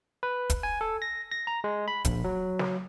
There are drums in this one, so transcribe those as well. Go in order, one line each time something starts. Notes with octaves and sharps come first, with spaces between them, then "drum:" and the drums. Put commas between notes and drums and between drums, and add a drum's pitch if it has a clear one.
B4
drum: kick, hi-hat
G#5
A4
A#6
A#6
A#5
G#3
B5
A#1, drum: kick, hi-hat
F#3
drum: snare